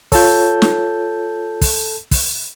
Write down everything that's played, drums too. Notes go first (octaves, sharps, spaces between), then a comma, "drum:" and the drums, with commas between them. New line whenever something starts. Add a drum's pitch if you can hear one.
F4 A4 C#5 A5 G6, drum: kick, open hi-hat
drum: snare
drum: kick, open hi-hat
drum: kick, open hi-hat